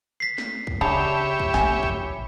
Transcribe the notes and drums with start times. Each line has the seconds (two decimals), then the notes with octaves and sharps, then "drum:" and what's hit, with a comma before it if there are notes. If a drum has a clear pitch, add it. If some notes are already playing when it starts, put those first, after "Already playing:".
0.20 B6 C7
0.38 drum: snare
0.67 drum: kick B1
0.81 C#3 D4 G4 G#4 C#5 E5 A5 B5
1.40 drum: kick B1
1.54 A#1 G#5, drum: snare
1.83 drum: kick B1